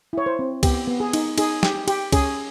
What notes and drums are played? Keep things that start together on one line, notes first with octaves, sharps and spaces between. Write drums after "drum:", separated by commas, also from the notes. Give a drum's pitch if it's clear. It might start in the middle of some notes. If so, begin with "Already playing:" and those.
E4 C#5
C5
C4
B3 G4, drum: kick C#2, cymbal
B3
G#4
D#4, drum: cymbal
D#4 G#4, drum: cymbal
G4, drum: snare
G4, drum: cymbal
C#4 G#4, drum: kick C#2, cymbal